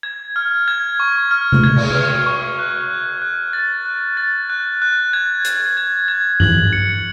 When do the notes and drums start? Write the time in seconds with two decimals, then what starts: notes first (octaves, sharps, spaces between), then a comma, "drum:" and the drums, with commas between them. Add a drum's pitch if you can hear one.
0.03 G#6
0.36 F6
0.68 G#6
1.00 C#6
1.31 F6
1.52 drum: tom C3
1.64 G#6
1.76 drum: cymbal
1.95 F6
2.26 C#6
2.59 F#6
2.90 F#6
3.22 F#6
3.53 A6
3.85 F#6
4.17 A6
4.50 F#6
4.82 F#6
5.13 G#6
5.45 G#6, drum: hi-hat
5.77 G#6
6.08 G#6
6.40 F#7, drum: tom G2
6.73 C#7